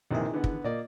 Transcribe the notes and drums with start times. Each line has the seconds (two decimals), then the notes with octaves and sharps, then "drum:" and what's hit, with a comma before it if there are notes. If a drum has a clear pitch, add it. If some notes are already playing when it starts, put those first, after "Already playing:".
0.11 A#1 C3 D#3 E3 A#3 G#4
0.34 D3 B3
0.44 drum: kick
0.64 A#2 A#3 D5 D#5